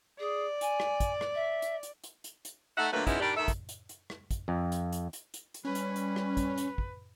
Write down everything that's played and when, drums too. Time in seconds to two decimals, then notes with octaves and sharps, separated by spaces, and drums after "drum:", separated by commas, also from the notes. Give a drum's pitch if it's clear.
0.20 G#4 D5
0.61 G#5, drum: hi-hat
0.80 drum: rim click
1.00 drum: kick, hi-hat
1.21 drum: rim click
1.35 E5
1.62 drum: hi-hat
1.83 drum: hi-hat
2.04 drum: hi-hat
2.24 drum: hi-hat
2.45 drum: hi-hat
2.78 A3 D#4 E5 F#5
2.93 A#2 D3 F#3 A3 A#3 B4
3.07 F3 G#3 B3 C#4 D#4 E4, drum: kick, hi-hat
3.20 D#3 G3 D4 G4 D5
3.37 D2 D#3 A4 E5
3.48 drum: kick, hi-hat
3.69 drum: hi-hat
3.89 drum: hi-hat
4.10 drum: rim click
4.31 drum: kick, hi-hat
4.48 F2
4.72 drum: hi-hat
4.92 drum: hi-hat
5.13 drum: hi-hat
5.34 drum: hi-hat
5.54 drum: hi-hat
5.65 G3 C#4 B4
5.75 drum: hi-hat
5.96 drum: hi-hat
6.16 drum: rim click
6.37 drum: kick, hi-hat
6.58 drum: hi-hat
6.78 drum: kick